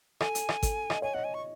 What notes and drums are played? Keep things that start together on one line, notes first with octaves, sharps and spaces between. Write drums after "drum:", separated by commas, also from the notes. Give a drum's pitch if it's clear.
A4 G#5, drum: rim click
drum: hi-hat
drum: rim click
A4, drum: kick, hi-hat
D#5, drum: rim click
C#5 G#5
D#5 F#5
G#5
C#6